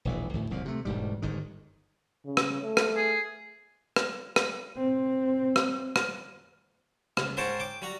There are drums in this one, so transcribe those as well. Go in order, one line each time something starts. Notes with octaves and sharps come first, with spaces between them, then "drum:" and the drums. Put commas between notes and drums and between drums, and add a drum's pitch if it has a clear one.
E1 A#1 E3
D2 A2
D1 C2 A#2 F3
C3 A3
E1 D2 G#2 G3
G1 G#2 D#3
C#3
drum: rim click
A3
drum: rim click
G#4
drum: rim click
drum: rim click
C4
drum: rim click
drum: rim click
C#2, drum: rim click
G#2 A#4 C5 C#5 G5 A5
G5 D6
G3 F#4 A#5